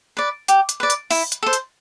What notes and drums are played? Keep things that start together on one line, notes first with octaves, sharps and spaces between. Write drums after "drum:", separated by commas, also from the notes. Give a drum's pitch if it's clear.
B4 D5
G4, drum: hi-hat
drum: hi-hat
B4 D5
drum: hi-hat
E4, drum: open hi-hat
drum: hi-hat
A4 C5
drum: hi-hat